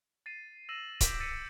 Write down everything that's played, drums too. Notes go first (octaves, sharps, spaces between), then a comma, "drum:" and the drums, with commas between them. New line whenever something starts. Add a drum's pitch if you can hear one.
A6 C7 D#7
E6 A#6 D#7 E7 F#7
D6 G6 B6 D7 D#7, drum: kick C#1, hi-hat
E6 A6 B6 C#7 D#7